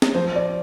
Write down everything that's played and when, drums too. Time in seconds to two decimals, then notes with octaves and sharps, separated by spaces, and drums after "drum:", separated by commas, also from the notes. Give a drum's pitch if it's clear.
0.02 drum: snare
0.14 F3 C5
0.35 D5